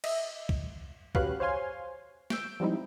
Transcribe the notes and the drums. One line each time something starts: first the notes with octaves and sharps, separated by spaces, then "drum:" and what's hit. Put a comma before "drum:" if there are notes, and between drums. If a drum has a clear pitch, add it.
D#5 E5, drum: cymbal
drum: kick C2
C#4 F#4 G4 B4 F5 F#6, drum: kick C2
C5 C#5 F5 G#5 C6
E6 G6 D7, drum: snare
F3 G3 G#3 C4 D#4 E4